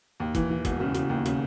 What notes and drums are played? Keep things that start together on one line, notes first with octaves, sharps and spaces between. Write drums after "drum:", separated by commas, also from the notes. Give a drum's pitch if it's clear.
D#2
E3, drum: kick, hi-hat
E3
E1, drum: kick, hi-hat
C#3
C#3, drum: hi-hat
D#2
C#3, drum: hi-hat